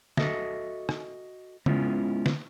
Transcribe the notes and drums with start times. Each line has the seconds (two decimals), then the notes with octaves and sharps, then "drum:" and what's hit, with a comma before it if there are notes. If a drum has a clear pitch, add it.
0.17 F#4 A4 D#5 E5, drum: snare
0.89 drum: rim click
1.66 G#3 B3 C#4 E4 F4, drum: tom C#3
2.26 drum: snare